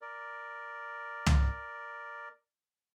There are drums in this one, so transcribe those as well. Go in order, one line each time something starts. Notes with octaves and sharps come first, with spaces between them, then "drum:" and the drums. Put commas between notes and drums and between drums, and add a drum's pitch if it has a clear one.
A#4 D5
drum: tom